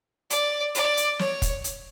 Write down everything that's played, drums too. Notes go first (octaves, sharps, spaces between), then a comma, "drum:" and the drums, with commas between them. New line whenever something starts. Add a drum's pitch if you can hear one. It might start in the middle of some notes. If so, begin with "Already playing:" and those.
D5, drum: hi-hat
D5, drum: hi-hat
drum: hi-hat
C#5, drum: snare
drum: kick, hi-hat
drum: hi-hat